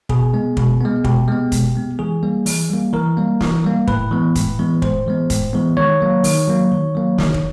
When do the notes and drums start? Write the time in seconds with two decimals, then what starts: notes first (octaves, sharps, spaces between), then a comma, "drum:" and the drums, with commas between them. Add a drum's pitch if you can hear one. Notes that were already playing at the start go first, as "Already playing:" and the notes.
0.09 B2 G#4, drum: kick
0.34 G#3 B3
0.57 B2, drum: kick
0.81 G#3 B3
1.05 B2 G4, drum: kick
1.28 G#3 B3
1.52 B2, drum: kick, hi-hat
1.75 G#3 B3
1.99 E3 G#4
2.23 G3 A#3
2.46 E3, drum: open hi-hat
2.70 G3 A#3
2.93 E3 A#4
3.17 G3 A#3
3.41 E3, drum: snare
3.64 G3 A#3
3.87 A2 B4, drum: kick
4.11 E3 G#3 B3
4.35 A2, drum: kick, hi-hat
4.59 E3 G#3 B3
4.82 A2 C5, drum: kick
5.06 E3 G#3 B3
5.30 A2, drum: kick, hi-hat
5.53 E3 G#3 B3
5.77 D#3 C#5
6.01 F#3 A#3
6.24 D#3, drum: open hi-hat
6.47 F#3 A#3
6.72 D#3
6.95 F#3 A#3
7.18 D#3, drum: snare
7.34 drum: kick